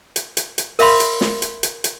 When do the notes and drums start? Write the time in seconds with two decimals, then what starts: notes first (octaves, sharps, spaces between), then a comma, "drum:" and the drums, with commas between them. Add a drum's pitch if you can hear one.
0.16 drum: hi-hat
0.37 drum: hi-hat
0.58 drum: hi-hat
0.79 A#4 E5 F5 B5 C6, drum: open hi-hat
1.00 drum: hi-hat
1.21 drum: snare
1.42 drum: hi-hat
1.63 drum: hi-hat
1.84 drum: hi-hat